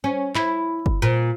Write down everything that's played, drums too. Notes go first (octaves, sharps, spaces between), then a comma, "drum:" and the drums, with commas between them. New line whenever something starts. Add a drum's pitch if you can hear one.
C#4
E4, drum: clap
drum: kick F#1
A#2